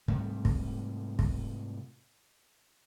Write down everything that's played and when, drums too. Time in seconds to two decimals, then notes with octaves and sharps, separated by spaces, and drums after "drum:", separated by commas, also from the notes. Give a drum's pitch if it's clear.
0.08 G#2 C3 G3 A3
0.45 drum: kick
1.19 drum: kick